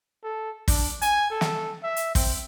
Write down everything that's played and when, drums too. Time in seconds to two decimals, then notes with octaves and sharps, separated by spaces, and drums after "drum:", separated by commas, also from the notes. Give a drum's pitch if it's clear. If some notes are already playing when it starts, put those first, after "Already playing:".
0.24 A4
0.68 D4, drum: kick, open hi-hat
1.02 G#5, drum: hi-hat
1.30 A4
1.41 drum: snare
1.83 E5
1.96 drum: hi-hat
2.15 C4, drum: kick, open hi-hat